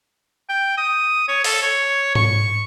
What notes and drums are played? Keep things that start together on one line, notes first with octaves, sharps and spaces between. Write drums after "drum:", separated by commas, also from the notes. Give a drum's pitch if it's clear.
G5
D#6
C#5
A4, drum: open hi-hat
C#5
C#6, drum: tom G#2